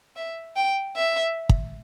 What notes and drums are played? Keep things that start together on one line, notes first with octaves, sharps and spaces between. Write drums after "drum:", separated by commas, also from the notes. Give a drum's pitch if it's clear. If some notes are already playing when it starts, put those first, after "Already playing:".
E5
G5
E5
drum: kick